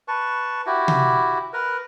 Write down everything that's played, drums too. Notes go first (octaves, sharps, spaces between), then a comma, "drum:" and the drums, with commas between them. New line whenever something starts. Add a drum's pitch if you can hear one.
B4 A5 C#6
E4 F#4 G4
drum: tom C3
A#4 B4